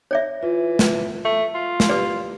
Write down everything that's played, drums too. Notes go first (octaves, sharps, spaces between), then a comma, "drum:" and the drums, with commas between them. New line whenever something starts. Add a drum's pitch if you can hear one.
C#5 D5 E5
E3 F4
drum: snare
A3
F4
drum: snare
G4 B4 D5